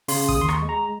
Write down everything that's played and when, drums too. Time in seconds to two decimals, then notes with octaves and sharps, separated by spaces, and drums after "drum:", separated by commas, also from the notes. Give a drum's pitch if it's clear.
0.08 C#3 C6, drum: open hi-hat
0.29 D#6, drum: kick
0.36 D#2
0.41 C6
0.48 C#6, drum: rim click
0.62 G#3
0.69 A#5